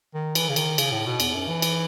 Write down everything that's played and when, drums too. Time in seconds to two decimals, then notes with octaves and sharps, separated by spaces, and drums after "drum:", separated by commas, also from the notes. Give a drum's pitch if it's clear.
0.14 D#3
0.35 E3, drum: cymbal
0.49 C#3
0.56 D#3, drum: cymbal
0.78 C#3, drum: cymbal
0.92 A2
1.06 B2
1.20 E2, drum: cymbal
1.34 F#2
1.49 E3
1.62 drum: cymbal